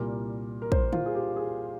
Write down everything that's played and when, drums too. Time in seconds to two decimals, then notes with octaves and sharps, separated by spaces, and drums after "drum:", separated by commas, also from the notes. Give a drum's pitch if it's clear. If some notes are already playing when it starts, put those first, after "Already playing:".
Already playing: C2 A#2 G3 A#4
0.62 A#4
0.72 C5, drum: kick
0.93 F4, drum: tom D3
1.06 G#4
1.15 G4
1.36 G#4